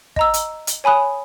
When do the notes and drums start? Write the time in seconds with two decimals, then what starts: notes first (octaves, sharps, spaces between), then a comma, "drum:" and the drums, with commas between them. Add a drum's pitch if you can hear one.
0.16 D#5 A#5 E6, drum: kick
0.34 drum: hi-hat
0.67 drum: hi-hat
0.84 C#5 G#5 B5 D#6 F#6